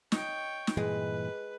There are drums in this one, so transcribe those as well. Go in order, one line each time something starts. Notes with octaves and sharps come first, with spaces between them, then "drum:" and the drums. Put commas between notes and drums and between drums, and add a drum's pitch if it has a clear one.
D#4 C#5 G5, drum: snare
drum: snare
G2 A#2 E3 G#3 B4